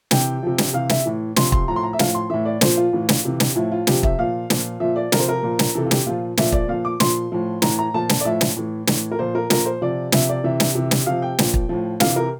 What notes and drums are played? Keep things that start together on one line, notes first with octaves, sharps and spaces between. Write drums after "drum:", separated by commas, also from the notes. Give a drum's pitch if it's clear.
C3 E3 G5, drum: snare
C3 F3
drum: snare
C3 E3 F5
E5, drum: snare
A2 E3
C3 F3 C6, drum: snare
C6, drum: kick
A2 F3 A#5
C6
A#5
E5
A2 F3 F5, drum: snare
C6
A2 E3 E5
D5
A#2 F3 C5, drum: snare
F4
A2 E3
drum: snare
C3 E3
drum: snare
A2 F3 E4
F4
C3 F3 G4, drum: snare
E5, drum: kick
A#2 F3 F5
A#2 F3, drum: snare
A#2 F3 E5
D5
C3 F3 A#4, drum: snare
C5
A#4
A#2 F3
drum: snare
C3 E3 A4
F4
G4, drum: snare
A#2 F3 F4
A#2 F3 E5, drum: snare
D5, drum: kick
A#2 F3 F5
D6
A#2 F3 C6, drum: snare
A2 F3
A2 E3 A#5, drum: snare
A#5
A#2 F3 A5
drum: snare
D5
A2 F3 E5
drum: snare
A2 E3
A2 E3, drum: snare
A#4
A#2 F3 C5
A#4
A#2 F3 A#4, drum: snare
C5
C3 F3 D5
C3 F3 E5, drum: snare
D5
C3 E3 E5
drum: snare
C3 E3
drum: snare
C3 F3 F5
G5
A#2 F3, drum: snare
drum: kick
A2 F3
C3 E3 F5, drum: snare
A#4